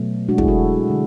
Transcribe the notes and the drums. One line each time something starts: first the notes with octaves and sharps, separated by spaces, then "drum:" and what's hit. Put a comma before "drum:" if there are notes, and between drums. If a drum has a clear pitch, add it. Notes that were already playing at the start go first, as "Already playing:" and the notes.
Already playing: B2 F#3 A3
B2 G#3 D4 F#4
E4 G#4, drum: kick
F#4 A4
D3 G#3